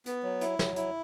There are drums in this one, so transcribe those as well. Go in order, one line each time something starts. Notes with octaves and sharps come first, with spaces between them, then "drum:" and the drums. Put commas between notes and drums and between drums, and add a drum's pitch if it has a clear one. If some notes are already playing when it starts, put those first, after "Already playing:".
B3, drum: hi-hat
F#3
E4, drum: hi-hat
F#3, drum: snare
E4, drum: hi-hat